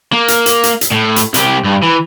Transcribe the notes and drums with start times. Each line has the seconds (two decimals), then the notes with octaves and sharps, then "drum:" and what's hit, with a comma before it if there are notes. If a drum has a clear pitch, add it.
0.13 A#3
0.28 drum: hi-hat
0.46 drum: hi-hat
0.63 drum: hi-hat
0.81 drum: hi-hat
0.92 A2
1.16 drum: hi-hat
1.34 C2 G4, drum: hi-hat
1.64 G2
1.82 E3